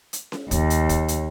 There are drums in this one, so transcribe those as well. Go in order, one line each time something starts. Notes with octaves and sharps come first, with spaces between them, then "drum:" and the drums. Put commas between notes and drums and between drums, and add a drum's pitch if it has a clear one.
drum: hi-hat
drum: snare C#4
D#2, drum: kick, hi-hat
drum: hi-hat
drum: kick, hi-hat
drum: hi-hat